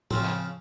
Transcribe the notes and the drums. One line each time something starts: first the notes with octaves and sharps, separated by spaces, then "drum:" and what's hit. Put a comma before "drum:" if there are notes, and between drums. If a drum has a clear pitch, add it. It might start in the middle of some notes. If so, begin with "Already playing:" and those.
C#3 F3 C4, drum: tom A2
drum: clap